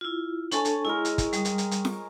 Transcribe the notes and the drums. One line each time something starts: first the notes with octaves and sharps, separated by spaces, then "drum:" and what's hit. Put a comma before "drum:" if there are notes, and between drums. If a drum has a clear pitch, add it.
E4 F4
D4 A4 C#5 G#5 A5 C#6, drum: hi-hat
drum: hi-hat
G#3 E4 A#4 G#5
drum: hi-hat
drum: kick, hi-hat
G3 D#6, drum: hi-hat
drum: hi-hat
drum: hi-hat
drum: hi-hat
drum: snare F4